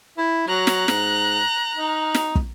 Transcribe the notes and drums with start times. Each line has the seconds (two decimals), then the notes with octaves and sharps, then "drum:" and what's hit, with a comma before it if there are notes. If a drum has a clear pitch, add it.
0.18 E4
0.48 F#3 A#5 F#6
0.67 drum: snare
0.88 G#2, drum: snare
1.76 D#4
2.14 drum: snare
2.36 drum: kick